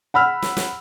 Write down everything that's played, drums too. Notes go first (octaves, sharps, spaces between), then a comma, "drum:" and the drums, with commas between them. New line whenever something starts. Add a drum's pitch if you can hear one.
F#5 B5 E6 F6
drum: snare
drum: snare